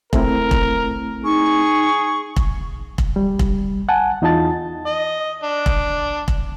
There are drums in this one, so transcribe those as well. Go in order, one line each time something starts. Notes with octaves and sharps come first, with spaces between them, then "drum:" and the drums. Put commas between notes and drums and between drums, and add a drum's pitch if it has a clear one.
A3 C4 E4 A#4, drum: kick
drum: kick
D#4 G#4 C#6
drum: kick
drum: kick
G3
drum: kick
F#5 G#5 A5
E2 D#4 F4 D#5 A5 A6
D#5
D4
drum: kick
drum: kick